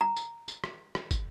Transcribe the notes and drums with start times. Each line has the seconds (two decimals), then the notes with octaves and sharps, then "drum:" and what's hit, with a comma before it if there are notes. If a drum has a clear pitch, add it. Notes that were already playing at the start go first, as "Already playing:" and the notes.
0.01 A#5
0.16 drum: tambourine
0.48 drum: tambourine
0.64 drum: rim click
0.95 drum: rim click
1.11 drum: kick, tambourine